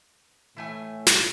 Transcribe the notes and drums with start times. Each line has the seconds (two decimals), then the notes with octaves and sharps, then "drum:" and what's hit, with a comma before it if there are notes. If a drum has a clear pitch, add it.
0.56 A2 E3 A3 G#5
1.07 drum: snare